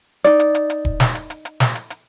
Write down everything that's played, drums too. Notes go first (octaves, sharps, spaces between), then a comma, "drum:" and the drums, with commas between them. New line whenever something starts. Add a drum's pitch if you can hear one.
D#4 D5, drum: hi-hat
drum: hi-hat
drum: hi-hat
drum: hi-hat
drum: kick D#1
drum: snare
drum: hi-hat
drum: hi-hat
drum: hi-hat
drum: snare
drum: hi-hat
drum: hi-hat